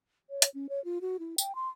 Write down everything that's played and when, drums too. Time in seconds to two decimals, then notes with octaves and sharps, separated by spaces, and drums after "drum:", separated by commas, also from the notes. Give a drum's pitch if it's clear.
0.30 C#5
0.42 drum: hi-hat
0.54 C#4
0.69 C#5
0.85 F4
1.01 F#4
1.20 E4
1.38 G5, drum: tambourine
1.55 C6